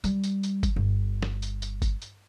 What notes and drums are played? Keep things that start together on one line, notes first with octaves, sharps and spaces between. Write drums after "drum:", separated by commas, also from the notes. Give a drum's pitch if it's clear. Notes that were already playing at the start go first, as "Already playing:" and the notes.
G3, drum: tambourine
drum: tambourine
drum: tambourine
drum: kick G1, tambourine
G1
drum: snare
drum: tambourine
drum: tambourine
drum: kick G1, tambourine
drum: tambourine